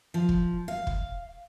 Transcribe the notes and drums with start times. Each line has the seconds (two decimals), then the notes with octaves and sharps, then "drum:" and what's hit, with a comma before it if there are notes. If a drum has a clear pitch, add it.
0.14 F3
0.29 drum: kick
0.68 F5
0.87 drum: kick